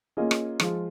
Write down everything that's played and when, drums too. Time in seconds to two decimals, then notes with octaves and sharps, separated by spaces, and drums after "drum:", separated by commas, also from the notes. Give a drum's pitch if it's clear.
0.17 A#3 C#4 F4 G#4 D#5
0.31 drum: rim click
0.60 F3 G#3 F4, drum: rim click